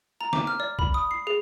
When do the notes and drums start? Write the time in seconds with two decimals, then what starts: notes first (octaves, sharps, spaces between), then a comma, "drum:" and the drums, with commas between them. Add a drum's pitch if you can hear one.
0.21 A#5
0.33 D6, drum: snare
0.47 F6
0.60 D5
0.79 B5, drum: kick
0.94 D#6
1.11 C7
1.27 G#4